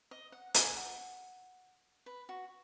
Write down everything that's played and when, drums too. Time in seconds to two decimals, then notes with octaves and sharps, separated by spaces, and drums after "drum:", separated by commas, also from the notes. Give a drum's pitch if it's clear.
0.11 D#5
0.32 F#5
0.54 G#5, drum: hi-hat
0.77 F#5
2.06 B4
2.29 F#4